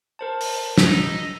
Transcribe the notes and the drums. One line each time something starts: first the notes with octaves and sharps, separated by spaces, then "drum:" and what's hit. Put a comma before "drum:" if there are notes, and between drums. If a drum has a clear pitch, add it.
A#4 C5 A5
drum: open hi-hat
D#4 E6 B6, drum: snare